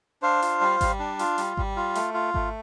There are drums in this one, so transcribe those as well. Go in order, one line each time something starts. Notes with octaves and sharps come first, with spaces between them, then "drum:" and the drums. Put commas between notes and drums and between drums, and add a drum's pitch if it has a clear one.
D4 C5 F5
F4, drum: hi-hat
G3
G3, drum: kick G#1, hi-hat
D4
F4, drum: hi-hat
G3, drum: hi-hat
G3, drum: kick G#1
F4
A3, drum: hi-hat
F4
A3, drum: kick G#1